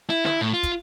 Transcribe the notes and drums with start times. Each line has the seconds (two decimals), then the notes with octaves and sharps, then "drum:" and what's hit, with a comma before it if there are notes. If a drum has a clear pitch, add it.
0.10 E4
0.25 E4, drum: snare
0.41 A2
0.53 F4
0.63 drum: kick, hi-hat